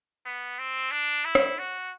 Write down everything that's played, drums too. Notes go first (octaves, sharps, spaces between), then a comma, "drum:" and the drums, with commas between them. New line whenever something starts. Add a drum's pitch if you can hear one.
B3
C4
D4
E4
drum: rim click
F#4